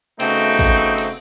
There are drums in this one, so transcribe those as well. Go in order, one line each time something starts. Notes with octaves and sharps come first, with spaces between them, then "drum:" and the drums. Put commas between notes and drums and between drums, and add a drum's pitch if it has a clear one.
C#3 A3 B3 C4 D#4 F#4, drum: cymbal
drum: kick, cymbal
drum: cymbal